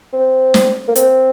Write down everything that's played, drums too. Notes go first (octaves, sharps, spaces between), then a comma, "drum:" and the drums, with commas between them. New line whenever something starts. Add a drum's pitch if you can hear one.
C4
drum: snare
A#3
C4, drum: hi-hat